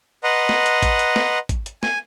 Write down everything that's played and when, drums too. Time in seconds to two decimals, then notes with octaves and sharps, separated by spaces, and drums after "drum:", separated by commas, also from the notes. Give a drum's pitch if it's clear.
0.24 B4 D#5 F#5 A#5 C6
0.49 drum: snare
0.66 drum: hi-hat
0.82 drum: kick, hi-hat
0.99 drum: hi-hat
1.16 drum: snare
1.49 drum: kick, hi-hat
1.66 drum: hi-hat
1.83 G#5, drum: snare